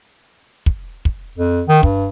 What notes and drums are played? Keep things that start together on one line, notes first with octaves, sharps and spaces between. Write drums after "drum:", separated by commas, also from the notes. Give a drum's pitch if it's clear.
drum: kick
drum: kick
F2
D#3
G2, drum: kick